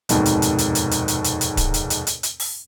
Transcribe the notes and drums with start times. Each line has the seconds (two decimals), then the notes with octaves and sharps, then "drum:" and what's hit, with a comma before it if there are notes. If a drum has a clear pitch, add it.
0.09 F1 D#2 G#2 B2, drum: hi-hat
0.26 drum: hi-hat
0.42 drum: hi-hat
0.58 drum: hi-hat
0.75 drum: hi-hat
0.91 drum: hi-hat
1.08 drum: hi-hat
1.24 drum: hi-hat
1.41 drum: hi-hat
1.57 drum: kick D1, hi-hat
1.74 drum: hi-hat
1.90 drum: hi-hat
2.07 drum: hi-hat
2.23 drum: hi-hat
2.40 drum: open hi-hat